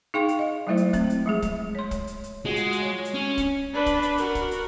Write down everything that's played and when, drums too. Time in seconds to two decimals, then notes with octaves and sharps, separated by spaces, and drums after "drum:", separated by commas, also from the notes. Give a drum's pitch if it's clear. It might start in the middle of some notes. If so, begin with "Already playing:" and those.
0.14 D#4 G#4 F5 G5 C6 C#6
0.28 drum: hi-hat
0.39 D#5 F5
0.67 F#3 G#3 A3 E4 C5 E5
0.77 drum: hi-hat
0.93 A3 C4, drum: kick, hi-hat
1.10 drum: hi-hat
1.26 F3 G#3 G#4
1.42 drum: kick, hi-hat
1.75 C#5 C6
1.91 drum: kick, hi-hat
2.07 drum: hi-hat
2.24 drum: hi-hat
2.45 G#3 F4 F#4
2.56 drum: hi-hat
2.72 drum: hi-hat
2.82 C#5
3.05 drum: hi-hat
3.14 C#4
3.37 drum: kick, hi-hat
3.74 D4 B4
3.86 drum: kick, hi-hat
4.03 drum: hi-hat
4.18 F#4 A#4, drum: hi-hat
4.35 drum: kick, hi-hat
4.51 drum: hi-hat